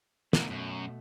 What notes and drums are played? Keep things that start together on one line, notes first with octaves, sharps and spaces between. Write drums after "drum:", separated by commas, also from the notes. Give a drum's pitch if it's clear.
B2 D3 A3 A#3, drum: snare
F#2